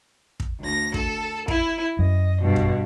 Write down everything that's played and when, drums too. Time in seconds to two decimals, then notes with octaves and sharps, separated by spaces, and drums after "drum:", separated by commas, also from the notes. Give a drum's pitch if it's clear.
0.40 drum: kick
0.60 D2 A#6
0.94 A4, drum: kick
1.48 E4, drum: kick
1.99 F#2 D#5
2.42 G2 B2
2.56 drum: kick